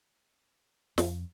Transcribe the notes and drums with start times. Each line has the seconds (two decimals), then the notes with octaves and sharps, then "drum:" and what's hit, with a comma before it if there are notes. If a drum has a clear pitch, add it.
0.98 F2, drum: snare